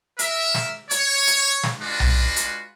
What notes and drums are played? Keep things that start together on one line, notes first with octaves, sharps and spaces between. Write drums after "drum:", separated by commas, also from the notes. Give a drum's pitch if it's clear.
A#4 E5, drum: hi-hat
drum: snare
C#5, drum: hi-hat
drum: hi-hat
drum: snare
G#3 D4 F4 F#4 B4
drum: tom B1
drum: hi-hat